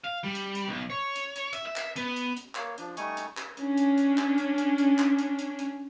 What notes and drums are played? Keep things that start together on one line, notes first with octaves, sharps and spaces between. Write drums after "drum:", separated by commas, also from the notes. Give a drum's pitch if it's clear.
F5
G3
drum: hi-hat
drum: hi-hat
B1
C#5
drum: hi-hat
drum: hi-hat
E5, drum: hi-hat
E5
drum: clap
B3, drum: hi-hat
drum: hi-hat
drum: hi-hat
A#3 C#5, drum: clap
F3 D4, drum: hi-hat
G3 A3 D#4 G#5 C#6 D#6, drum: hi-hat
drum: hi-hat
drum: clap
C#4 D4, drum: hi-hat
drum: hi-hat
drum: hi-hat
drum: clap
drum: hi-hat
drum: hi-hat
drum: hi-hat
drum: clap
drum: hi-hat
drum: hi-hat
drum: hi-hat